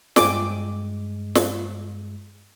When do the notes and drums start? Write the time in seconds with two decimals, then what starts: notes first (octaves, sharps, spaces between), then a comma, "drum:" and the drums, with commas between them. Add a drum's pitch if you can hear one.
0.16 G2 G#3 G#5 D6, drum: snare
1.35 drum: snare